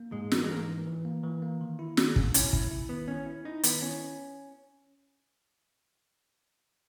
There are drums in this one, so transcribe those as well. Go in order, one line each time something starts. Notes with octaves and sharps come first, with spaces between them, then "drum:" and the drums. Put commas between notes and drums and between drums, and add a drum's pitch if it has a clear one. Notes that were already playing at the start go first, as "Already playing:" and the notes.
Already playing: A#3
G#2 G#3
E3, drum: snare
A#3
G#3
G#2 A#3
E3
E3
A#3
E3
A#3
D#3
E4
D#3, drum: snare
G#2, drum: kick
C#4 E4, drum: hi-hat
E4, drum: kick
E4
D#3 B3
C#4 E4
E4
D#4 E4
D#3 B3, drum: hi-hat
C#4 E4